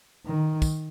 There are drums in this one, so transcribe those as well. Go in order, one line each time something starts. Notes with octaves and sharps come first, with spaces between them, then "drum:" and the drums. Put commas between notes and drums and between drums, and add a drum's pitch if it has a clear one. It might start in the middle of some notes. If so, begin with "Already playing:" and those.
D#3
drum: kick, tambourine